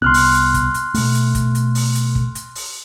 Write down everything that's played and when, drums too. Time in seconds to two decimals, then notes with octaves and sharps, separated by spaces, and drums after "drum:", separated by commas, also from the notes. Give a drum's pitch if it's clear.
0.02 C2 B3 C6 F6 F#6
0.14 drum: open hi-hat
0.34 drum: hi-hat
0.54 drum: kick, hi-hat
0.74 drum: hi-hat
0.94 B2 A3, drum: open hi-hat
1.15 drum: hi-hat
1.35 drum: kick, hi-hat
1.55 drum: hi-hat
1.75 drum: open hi-hat
1.95 drum: hi-hat
2.15 drum: kick
2.35 drum: hi-hat
2.55 drum: open hi-hat